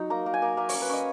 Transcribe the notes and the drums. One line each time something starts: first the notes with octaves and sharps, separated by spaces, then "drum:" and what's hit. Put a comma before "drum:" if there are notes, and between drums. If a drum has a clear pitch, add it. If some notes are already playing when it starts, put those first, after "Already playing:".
Already playing: F#3 D#4
A#3 A#5
A#3
G#5
A#3
A#3 E5
C#4 C#5, drum: open hi-hat
B4
C#4 D#5